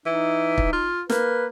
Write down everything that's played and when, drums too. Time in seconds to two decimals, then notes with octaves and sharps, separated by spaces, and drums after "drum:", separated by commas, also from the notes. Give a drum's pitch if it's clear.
0.06 E3 D#4
0.58 drum: kick
0.73 F4
1.10 A#3 B4, drum: snare